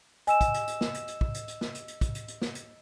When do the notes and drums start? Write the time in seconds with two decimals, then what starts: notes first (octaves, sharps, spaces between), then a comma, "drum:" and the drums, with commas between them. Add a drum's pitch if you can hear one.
0.27 D#5 G#5 E6 E7, drum: hi-hat
0.41 drum: kick, hi-hat
0.54 drum: hi-hat
0.67 drum: hi-hat
0.81 drum: snare
0.94 drum: hi-hat
1.08 drum: hi-hat
1.21 drum: kick
1.34 drum: hi-hat
1.48 drum: hi-hat
1.61 drum: snare
1.75 drum: hi-hat
1.88 drum: hi-hat
2.01 drum: kick, hi-hat
2.15 drum: hi-hat
2.28 drum: hi-hat
2.42 drum: snare
2.55 drum: hi-hat